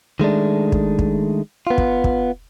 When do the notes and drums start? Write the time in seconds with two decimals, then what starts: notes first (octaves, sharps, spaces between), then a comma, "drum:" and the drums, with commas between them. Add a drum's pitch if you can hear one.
0.20 D#3 G#3 A3 D4
0.72 drum: kick
0.99 drum: kick
1.67 B3 F4
1.78 drum: kick
2.04 drum: kick